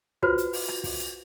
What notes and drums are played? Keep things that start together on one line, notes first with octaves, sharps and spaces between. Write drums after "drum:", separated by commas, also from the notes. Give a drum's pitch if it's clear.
F4 F#4 B4 C5, drum: kick
drum: hi-hat
drum: open hi-hat
drum: rim click
drum: kick, open hi-hat
drum: hi-hat